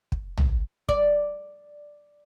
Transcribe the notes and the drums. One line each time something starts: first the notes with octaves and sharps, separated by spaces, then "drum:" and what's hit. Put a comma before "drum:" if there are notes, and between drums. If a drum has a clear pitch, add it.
drum: kick
drum: tom A#1
D5, drum: kick